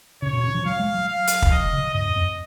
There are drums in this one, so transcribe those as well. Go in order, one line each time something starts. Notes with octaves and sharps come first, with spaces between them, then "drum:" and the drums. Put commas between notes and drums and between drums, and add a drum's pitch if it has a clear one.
C#3 C#5
B2
C#3
F3
F#3 F5
G#3
F#3
F5
drum: hi-hat
drum: kick
F3 D#5
C#3
G#2 D#5
F#2
F2